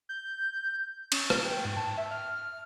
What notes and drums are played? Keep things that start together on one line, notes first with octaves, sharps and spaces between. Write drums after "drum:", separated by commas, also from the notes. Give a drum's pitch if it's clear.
G6
C#4, drum: cymbal
drum: rim click
G5
G#2
A5
E5
F6